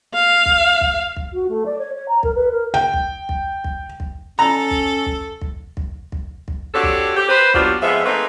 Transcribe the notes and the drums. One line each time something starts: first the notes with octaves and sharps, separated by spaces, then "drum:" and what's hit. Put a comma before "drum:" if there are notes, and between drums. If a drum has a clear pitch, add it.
F5
drum: kick
drum: kick
drum: kick
F#4
A3
D5
C#5
C#5
A#5
A#4, drum: kick
B4
A#4
G5
drum: kick
drum: kick
drum: kick
drum: kick
C#4 A4 A#5
drum: kick
drum: kick
drum: kick
drum: kick
drum: kick
drum: kick
C4 D4 F#4 G4 A4 C#5
drum: kick
G4
B4 C5
F#3 A#3 B3 D4 F4 G4, drum: kick
F2 F3 G#3 B3 E5
A3 A#3 C4 D#4 G#4 B4